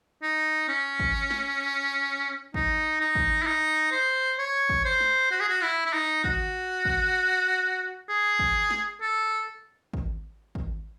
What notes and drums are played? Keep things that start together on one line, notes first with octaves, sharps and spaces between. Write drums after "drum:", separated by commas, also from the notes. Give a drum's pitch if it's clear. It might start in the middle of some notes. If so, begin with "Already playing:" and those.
D#4
C#4
drum: kick
drum: snare
D#4, drum: kick
D#4
drum: kick
E4
D#4
C5
C#5
drum: kick
C5
drum: snare
F#4
G#4
F#4
E4
E4
D#4
F#4, drum: kick
drum: kick
G#4
drum: kick
drum: snare
A4
drum: kick
drum: kick